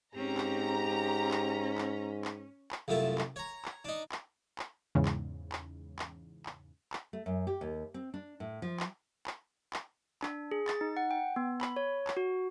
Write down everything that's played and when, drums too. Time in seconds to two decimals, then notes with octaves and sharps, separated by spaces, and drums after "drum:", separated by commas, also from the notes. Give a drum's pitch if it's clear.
0.15 G#2 C4 C#4 G4 A#5
0.38 drum: clap
0.90 C#4
1.31 drum: clap
1.78 drum: clap
2.25 drum: clap
2.72 drum: clap
2.88 C2 F#2 A3 F4 E5
3.18 drum: clap
3.36 C#5 A#5
3.65 drum: clap
3.85 D4 D#4
4.12 drum: clap
4.59 drum: clap
4.95 E2 G#2 C#3
5.06 drum: clap
5.52 drum: clap
5.99 drum: clap
6.46 drum: clap
6.93 drum: clap
7.13 A3
7.26 F#2
7.47 G4
7.61 D#2
7.94 C4
8.14 D4
8.40 A2
8.62 F3
8.80 drum: clap
9.27 drum: clap
9.73 drum: clap
10.23 D4, drum: clap
10.51 G#4
10.68 A6, drum: clap
10.81 D#4
10.97 F#5
11.11 G5
11.36 B3
11.61 B5, drum: clap
11.76 C#5
12.07 drum: clap
12.17 F#4